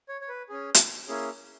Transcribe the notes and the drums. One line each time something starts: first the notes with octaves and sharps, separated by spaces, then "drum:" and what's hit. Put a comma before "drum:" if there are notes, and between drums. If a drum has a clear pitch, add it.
C#5
C#5
B4
C#4 G#4
drum: hi-hat
A#3 C#4 E4 G#4